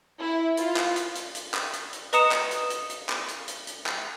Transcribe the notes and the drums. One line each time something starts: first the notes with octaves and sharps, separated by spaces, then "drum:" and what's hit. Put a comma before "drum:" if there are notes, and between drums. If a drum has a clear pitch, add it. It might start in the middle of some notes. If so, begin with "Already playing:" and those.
E4
F4, drum: hi-hat
drum: clap
drum: hi-hat
drum: hi-hat
drum: hi-hat
drum: clap
drum: hi-hat
drum: hi-hat
B4 D#5 A#5 D#6 C#7 E7, drum: hi-hat
drum: clap
drum: hi-hat
drum: hi-hat
drum: hi-hat
drum: clap
drum: hi-hat
drum: hi-hat
drum: hi-hat
drum: clap